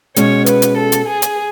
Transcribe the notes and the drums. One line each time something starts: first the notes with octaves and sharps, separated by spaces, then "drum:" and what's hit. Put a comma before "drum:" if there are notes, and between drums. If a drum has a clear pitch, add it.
B2 G#3 C#4 C#5, drum: hi-hat
B4, drum: hi-hat
drum: hi-hat
A4
drum: hi-hat
G#4
drum: hi-hat